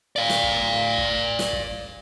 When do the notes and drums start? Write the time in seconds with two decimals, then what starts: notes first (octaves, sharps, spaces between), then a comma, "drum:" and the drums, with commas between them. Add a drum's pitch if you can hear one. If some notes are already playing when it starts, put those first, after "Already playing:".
0.16 D5 F5
0.29 drum: snare
0.43 drum: kick
0.98 drum: kick
1.39 drum: snare
1.53 drum: kick